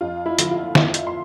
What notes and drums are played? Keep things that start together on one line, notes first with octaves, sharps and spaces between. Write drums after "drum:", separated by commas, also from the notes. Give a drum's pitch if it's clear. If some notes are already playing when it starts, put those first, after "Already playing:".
F2 F4
E4
D3 F3, drum: hi-hat
F4
F2 E5, drum: snare
drum: hi-hat
C6